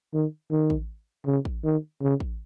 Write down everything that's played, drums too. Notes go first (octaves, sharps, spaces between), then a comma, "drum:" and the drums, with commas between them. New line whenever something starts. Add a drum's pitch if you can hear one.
D#3
D#3
drum: kick A1
C#3
drum: kick A1
D#3
C#3
drum: kick A1